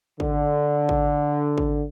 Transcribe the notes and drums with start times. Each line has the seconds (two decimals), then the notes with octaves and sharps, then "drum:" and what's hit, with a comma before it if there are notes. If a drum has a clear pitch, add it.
0.20 D3, drum: kick G#1
0.89 drum: kick G#1
1.58 drum: kick G#1